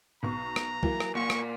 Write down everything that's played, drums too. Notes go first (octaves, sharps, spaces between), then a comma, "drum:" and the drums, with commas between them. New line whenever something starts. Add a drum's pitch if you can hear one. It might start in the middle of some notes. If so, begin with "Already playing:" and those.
B1 B3 A#5 C#6
drum: rim click
E3 F#3 A#3, drum: kick
drum: rim click
A#2 F#5 C#6
drum: rim click